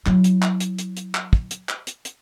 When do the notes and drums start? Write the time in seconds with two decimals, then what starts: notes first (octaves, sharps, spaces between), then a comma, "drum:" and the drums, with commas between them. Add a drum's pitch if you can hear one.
0.06 F#3 E4, drum: clap
0.24 drum: hi-hat
0.42 drum: clap
0.60 drum: hi-hat
0.79 drum: hi-hat
0.97 drum: hi-hat
1.15 drum: clap
1.33 drum: kick
1.51 drum: hi-hat
1.69 drum: clap
1.87 drum: hi-hat
2.05 drum: hi-hat